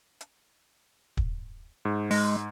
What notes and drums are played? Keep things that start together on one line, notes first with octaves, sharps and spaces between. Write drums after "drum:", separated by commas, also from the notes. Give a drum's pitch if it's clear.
drum: hi-hat
drum: kick
G#2
G#3, drum: open hi-hat